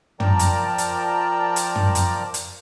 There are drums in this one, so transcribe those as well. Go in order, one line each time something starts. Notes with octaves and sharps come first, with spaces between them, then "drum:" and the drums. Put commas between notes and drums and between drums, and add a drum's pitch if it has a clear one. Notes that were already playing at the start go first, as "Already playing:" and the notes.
F3 A#4 D5 G5 A5 A#5, drum: tom
drum: hi-hat
drum: hi-hat
drum: hi-hat
drum: tom
drum: hi-hat
drum: hi-hat